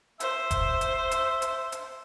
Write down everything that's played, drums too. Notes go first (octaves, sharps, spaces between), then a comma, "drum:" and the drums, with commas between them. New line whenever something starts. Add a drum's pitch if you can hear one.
C5 E5, drum: hi-hat
drum: kick F1, hi-hat
drum: hi-hat
drum: hi-hat
drum: hi-hat
drum: hi-hat